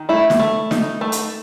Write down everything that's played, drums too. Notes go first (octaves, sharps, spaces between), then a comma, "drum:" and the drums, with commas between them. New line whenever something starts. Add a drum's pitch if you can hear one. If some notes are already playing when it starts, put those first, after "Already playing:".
Already playing: D#3
A3 E4
drum: snare
A3
D#4, drum: snare
A3
drum: hi-hat